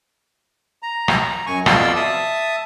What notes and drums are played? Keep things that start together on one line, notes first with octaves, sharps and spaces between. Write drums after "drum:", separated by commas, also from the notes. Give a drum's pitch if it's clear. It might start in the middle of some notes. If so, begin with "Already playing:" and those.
A#5
drum: rim click
F#2 G#5 C#6
F2 B2 F4 D5 C6 E6, drum: rim click
E5 A5 D#6